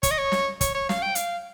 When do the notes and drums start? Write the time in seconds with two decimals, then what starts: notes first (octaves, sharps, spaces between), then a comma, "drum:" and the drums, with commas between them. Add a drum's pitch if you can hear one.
0.03 C#5, drum: kick, hi-hat
0.11 D#5
0.18 C#5
0.32 drum: snare
0.61 C#5, drum: kick, hi-hat
0.75 C#5
0.89 F5, drum: snare
1.02 G5
1.15 F5, drum: hi-hat